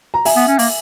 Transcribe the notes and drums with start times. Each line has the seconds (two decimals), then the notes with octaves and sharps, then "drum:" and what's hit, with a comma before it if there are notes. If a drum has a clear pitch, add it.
0.14 A#5
0.25 E5 G#5, drum: open hi-hat
0.36 B3
0.48 C#4
0.59 A#3, drum: open hi-hat